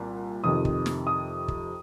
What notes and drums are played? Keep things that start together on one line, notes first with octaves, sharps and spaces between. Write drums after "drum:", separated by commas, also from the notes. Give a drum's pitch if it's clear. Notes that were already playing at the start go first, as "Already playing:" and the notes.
Already playing: C2 A#2
F2 C3 D#3 D#6
drum: kick
drum: snare
D#6
drum: kick